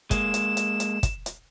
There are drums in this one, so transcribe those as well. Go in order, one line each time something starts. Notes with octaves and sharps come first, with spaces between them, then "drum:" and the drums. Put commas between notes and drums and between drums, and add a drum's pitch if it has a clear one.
G#3 A#3 E7, drum: kick, hi-hat
drum: hi-hat
drum: hi-hat
drum: hi-hat
drum: kick, hi-hat
drum: hi-hat